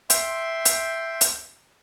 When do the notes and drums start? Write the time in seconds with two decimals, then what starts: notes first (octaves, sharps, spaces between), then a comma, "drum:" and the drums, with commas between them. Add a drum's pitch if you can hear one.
0.10 E5 G5 C6, drum: hi-hat
0.65 drum: hi-hat
1.21 drum: hi-hat